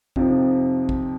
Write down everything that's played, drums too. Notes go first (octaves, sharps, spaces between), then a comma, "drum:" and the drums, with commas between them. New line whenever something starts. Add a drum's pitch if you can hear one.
F2 C3 F3 C4 D#4, drum: kick
drum: kick